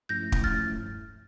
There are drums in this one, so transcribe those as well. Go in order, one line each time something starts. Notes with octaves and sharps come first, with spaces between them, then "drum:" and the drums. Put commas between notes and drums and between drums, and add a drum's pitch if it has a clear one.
G2 F3 A3 C#4 E4 G6 A#6
drum: kick
F6 A6